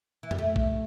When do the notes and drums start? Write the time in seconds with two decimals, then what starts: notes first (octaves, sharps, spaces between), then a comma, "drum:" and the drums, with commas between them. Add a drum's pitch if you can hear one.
0.23 E3
0.31 G3, drum: tom F2
0.38 A3
0.56 drum: kick